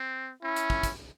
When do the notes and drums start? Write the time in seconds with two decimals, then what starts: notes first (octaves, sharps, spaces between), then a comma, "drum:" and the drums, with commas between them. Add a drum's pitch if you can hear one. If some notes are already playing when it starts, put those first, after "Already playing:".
Already playing: C4
0.42 C#4 E4
0.56 drum: hi-hat
0.70 drum: kick
0.83 drum: kick, hi-hat